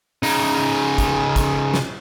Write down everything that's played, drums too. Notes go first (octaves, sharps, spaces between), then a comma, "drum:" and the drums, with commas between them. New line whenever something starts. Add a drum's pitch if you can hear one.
C#3 D#4, drum: open hi-hat
drum: kick, hi-hat
drum: kick, hi-hat
drum: snare